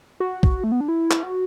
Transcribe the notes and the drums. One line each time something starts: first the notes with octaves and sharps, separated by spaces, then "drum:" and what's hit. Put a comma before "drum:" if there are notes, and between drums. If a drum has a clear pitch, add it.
F#4
drum: kick
A3
B3
D4
E4
drum: clap
F#4